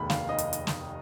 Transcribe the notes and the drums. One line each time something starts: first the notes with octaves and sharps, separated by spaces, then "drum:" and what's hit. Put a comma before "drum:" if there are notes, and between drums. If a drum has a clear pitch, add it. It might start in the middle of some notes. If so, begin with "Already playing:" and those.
Already playing: F1 D#2 D#3 G#3 B5
F5, drum: snare
D#5
drum: hi-hat
drum: hi-hat
drum: snare